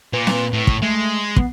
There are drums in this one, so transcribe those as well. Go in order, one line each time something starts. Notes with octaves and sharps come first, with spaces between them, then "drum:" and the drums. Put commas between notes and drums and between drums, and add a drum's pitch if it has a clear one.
A#2 B4
drum: snare C4
A2
drum: kick
G#3 A3
B3, drum: kick